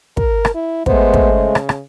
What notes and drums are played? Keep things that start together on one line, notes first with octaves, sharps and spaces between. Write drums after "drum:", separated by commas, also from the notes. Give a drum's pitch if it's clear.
A#4, drum: kick
drum: rim click
E4
G#3 A3 B3 C5, drum: kick
drum: kick
C#3
drum: rim click
drum: rim click